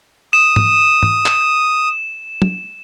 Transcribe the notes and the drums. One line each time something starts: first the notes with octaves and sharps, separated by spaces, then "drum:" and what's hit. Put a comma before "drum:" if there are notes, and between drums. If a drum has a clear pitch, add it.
D#6 E7
drum: tom G#2
drum: tom G#2
drum: clap
drum: tom